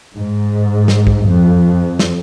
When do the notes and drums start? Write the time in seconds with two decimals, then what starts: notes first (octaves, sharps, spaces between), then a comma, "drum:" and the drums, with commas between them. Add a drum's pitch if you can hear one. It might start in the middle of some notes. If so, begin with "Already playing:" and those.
0.14 G#2
0.88 drum: snare
1.07 drum: kick
1.25 F2
1.99 drum: snare